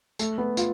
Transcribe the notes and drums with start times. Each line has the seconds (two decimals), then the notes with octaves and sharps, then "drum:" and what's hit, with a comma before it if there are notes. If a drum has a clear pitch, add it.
0.19 A3, drum: tambourine
0.38 B3
0.57 F4, drum: tambourine